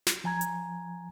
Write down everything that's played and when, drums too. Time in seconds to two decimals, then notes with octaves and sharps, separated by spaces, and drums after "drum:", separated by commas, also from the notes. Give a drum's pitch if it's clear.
0.07 drum: snare
0.24 F3 G#5 A#5 G#6
0.41 drum: hi-hat